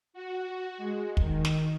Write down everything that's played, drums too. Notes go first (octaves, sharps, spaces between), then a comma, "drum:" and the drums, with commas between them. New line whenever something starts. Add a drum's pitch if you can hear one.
F#4
G#3
D#3, drum: kick
drum: snare